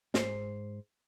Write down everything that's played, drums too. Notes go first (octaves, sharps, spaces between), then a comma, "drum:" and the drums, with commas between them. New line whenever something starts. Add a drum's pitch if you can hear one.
G#2 C5, drum: snare